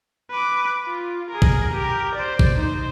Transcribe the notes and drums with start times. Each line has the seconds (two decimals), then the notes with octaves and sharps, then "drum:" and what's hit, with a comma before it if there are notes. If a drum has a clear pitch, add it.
0.31 B4 D6
0.87 F4
1.30 G#4 A#4
1.42 drum: kick
1.72 G4 A#4
2.15 C5 D5
2.39 drum: kick
2.55 D#4 C5